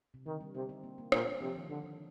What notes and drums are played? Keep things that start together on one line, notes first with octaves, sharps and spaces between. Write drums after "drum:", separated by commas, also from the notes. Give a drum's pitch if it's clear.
C3
D3 D#3
G3
C3 D#4
C4
A#3
A#3
A#2 C4, drum: rim click
D4
C3 F3
D#3
D3 D#3
D3